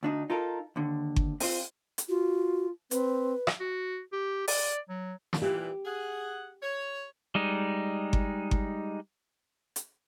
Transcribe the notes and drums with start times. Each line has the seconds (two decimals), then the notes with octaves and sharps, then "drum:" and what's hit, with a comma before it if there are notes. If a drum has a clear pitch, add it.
0.03 D2 D4 D#4
0.30 D#4 F4 A4 A#4
0.76 D#2 D3
1.16 drum: kick G1
1.40 C4 F4, drum: open hi-hat
1.98 drum: hi-hat
2.09 F4 F#4
2.91 C4 B4, drum: hi-hat
3.47 drum: rim click
3.60 F#4
4.12 G4
4.48 D5, drum: open hi-hat
4.89 F#3
5.33 drum: snare
5.42 A#2 E3 G4
5.85 G#4 F#5
6.63 C#5
7.35 G3 G#3 D#4
8.13 drum: kick G1
8.51 drum: kick G1
9.76 drum: hi-hat